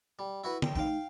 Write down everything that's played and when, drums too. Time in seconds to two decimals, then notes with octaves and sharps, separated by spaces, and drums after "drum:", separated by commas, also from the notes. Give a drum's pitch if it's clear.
0.19 G3
0.44 E4 F#4 B4
0.62 G5, drum: tom
0.76 A3 D#4 F5 G5